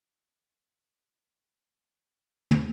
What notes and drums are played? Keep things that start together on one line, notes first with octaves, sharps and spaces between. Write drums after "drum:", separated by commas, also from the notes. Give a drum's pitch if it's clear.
C#6 F#6
drum: tom